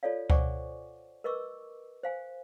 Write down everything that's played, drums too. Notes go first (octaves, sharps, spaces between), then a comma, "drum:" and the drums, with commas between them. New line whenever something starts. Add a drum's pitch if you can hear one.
F4 A4 C#5 D5 F5
C5 D5 F#5 G#5 C#6 D6, drum: kick C#2
A#4 B4 D#5 C#6 D6 E6
C5 F5 G#5